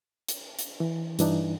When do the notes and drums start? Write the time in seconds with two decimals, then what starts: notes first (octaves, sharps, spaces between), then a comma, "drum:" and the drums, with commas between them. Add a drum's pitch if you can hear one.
0.28 drum: hi-hat
0.59 drum: hi-hat
0.80 E3
1.19 G2 E3 D4 D#4, drum: hi-hat